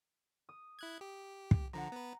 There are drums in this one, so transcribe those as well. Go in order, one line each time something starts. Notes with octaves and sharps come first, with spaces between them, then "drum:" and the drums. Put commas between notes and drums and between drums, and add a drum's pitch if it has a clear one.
D#6
E4 F#6 G#6
G4
drum: kick
D3 F3 F#5 A#5
B3 B4